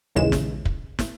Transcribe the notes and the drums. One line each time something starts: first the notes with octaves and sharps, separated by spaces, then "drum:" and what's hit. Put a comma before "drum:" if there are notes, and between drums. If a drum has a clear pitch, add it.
A#1 D#2 C#3 E3 G#3 E7
drum: snare
drum: kick
drum: snare